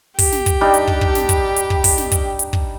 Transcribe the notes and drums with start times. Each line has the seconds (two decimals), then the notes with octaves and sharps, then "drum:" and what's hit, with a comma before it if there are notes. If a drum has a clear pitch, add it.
0.19 G4, drum: kick, open hi-hat
0.32 drum: snare
0.46 drum: kick, hi-hat
0.61 G3 D4 D#4
0.74 drum: hi-hat
0.87 drum: kick
1.01 drum: kick
1.15 drum: snare
1.29 drum: kick, hi-hat
1.56 drum: hi-hat
1.70 drum: kick
1.84 drum: kick, open hi-hat
1.98 drum: snare
2.12 drum: kick, hi-hat
2.39 drum: hi-hat
2.53 drum: kick